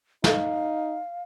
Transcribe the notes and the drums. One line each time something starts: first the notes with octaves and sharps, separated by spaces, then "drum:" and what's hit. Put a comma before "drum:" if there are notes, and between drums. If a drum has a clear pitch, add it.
D#4 F5, drum: snare